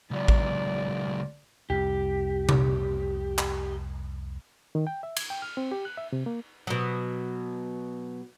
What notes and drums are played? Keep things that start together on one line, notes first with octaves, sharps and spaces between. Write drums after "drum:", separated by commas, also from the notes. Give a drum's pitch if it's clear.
C#2 F#3 D5
drum: kick A1
C2 F2 G4
drum: tom C3
drum: clap
D#3
G5
E5
G#6, drum: cymbal
G5
F6
C4
G4
F#6
E5
C3
A#3
B2 F#3